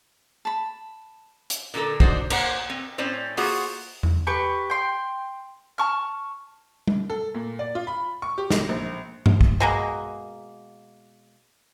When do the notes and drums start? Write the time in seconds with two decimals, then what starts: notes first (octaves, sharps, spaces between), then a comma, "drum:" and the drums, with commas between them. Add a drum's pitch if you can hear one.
0.45 A5 B5
1.50 drum: hi-hat
1.74 A#2 D3 G#3 A4 A#4
2.00 D4 D#4 F#4 C5, drum: kick
2.30 A#3 C5 F#5, drum: cymbal
2.70 C4
2.98 A2 C4 C#4 C5 D5
3.37 A#3 F4 F#4 G#4 C5, drum: open hi-hat
4.03 drum: tom E2
4.27 G4 B4 C#6
4.70 G5 C6
5.78 A5 C#6 F6
6.87 drum: tom G3
7.10 A4
7.35 A#2
7.59 D5
7.75 F4
7.87 B5
8.22 C#6
8.38 G4
8.51 B1, drum: snare
8.69 A#1
9.26 drum: tom G2
9.41 drum: kick
9.60 B2 G#3 A#3